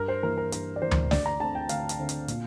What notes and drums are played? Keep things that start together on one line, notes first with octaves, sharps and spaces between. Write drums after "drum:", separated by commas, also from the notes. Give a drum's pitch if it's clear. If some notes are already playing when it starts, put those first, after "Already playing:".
Already playing: G2 A#4
C5
E3 A#3 A#4
A#4
G2 A#4, drum: hi-hat
D5
E3 A#3 C5
drum: tom D2
D2 D5, drum: snare
A#5
D3 A3 C4 A5
G5
D2 F5, drum: hi-hat
drum: hi-hat
D3 A3 C4
drum: hi-hat
A#2, drum: hi-hat